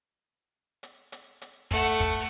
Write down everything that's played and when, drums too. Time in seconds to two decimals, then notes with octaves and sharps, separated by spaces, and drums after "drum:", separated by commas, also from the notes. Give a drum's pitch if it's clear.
0.83 drum: hi-hat
1.12 drum: hi-hat
1.42 drum: hi-hat
1.71 A3 F#5, drum: kick, hi-hat
2.00 drum: kick, hi-hat